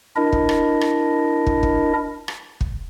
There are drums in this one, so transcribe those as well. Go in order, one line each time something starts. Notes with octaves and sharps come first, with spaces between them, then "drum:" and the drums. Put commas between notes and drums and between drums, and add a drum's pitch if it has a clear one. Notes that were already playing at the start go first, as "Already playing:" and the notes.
D4 E4 A#4 D#5
drum: kick
drum: rim click
drum: rim click
drum: kick
drum: kick
drum: rim click
drum: kick